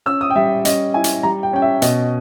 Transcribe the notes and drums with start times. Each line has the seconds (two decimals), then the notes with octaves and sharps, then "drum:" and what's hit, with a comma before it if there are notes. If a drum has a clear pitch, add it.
0.06 C#4 E6
0.21 D#6
0.30 G5
0.36 G3 E5
0.65 C#4 D#5, drum: hi-hat
0.94 E4 G#5
1.04 drum: hi-hat
1.23 G3 A#5
1.43 G5
1.53 C#4 G5
1.62 E5
1.82 B2 D#5, drum: hi-hat